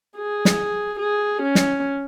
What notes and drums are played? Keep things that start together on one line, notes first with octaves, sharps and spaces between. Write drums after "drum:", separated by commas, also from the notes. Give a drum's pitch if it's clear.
G#4
drum: snare
G#4
C#4
drum: snare